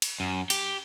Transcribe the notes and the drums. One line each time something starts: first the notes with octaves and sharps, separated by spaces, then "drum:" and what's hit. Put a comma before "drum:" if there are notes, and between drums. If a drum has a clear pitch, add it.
drum: cymbal
F#2
G4, drum: cymbal